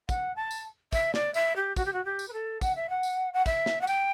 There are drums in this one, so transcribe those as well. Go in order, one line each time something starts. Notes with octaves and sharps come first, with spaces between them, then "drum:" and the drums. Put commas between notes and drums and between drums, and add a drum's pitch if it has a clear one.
F#5, drum: kick, tambourine
A5
drum: tambourine
E5, drum: kick, tambourine
D5, drum: snare
E5, drum: tambourine
G4
F#4, drum: kick, tambourine
G4
F#4
G4
drum: tambourine
B4
A4
F#5, drum: kick, tambourine
E5
F#5
drum: tambourine
F#5
E5, drum: kick, tambourine
drum: snare
F#5
G5, drum: tambourine